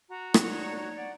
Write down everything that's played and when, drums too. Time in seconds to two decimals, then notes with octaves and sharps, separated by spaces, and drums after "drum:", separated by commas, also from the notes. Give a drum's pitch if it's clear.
0.09 F#4 A#5
0.34 D4 D#4 C#5, drum: rim click
0.96 D5 F#5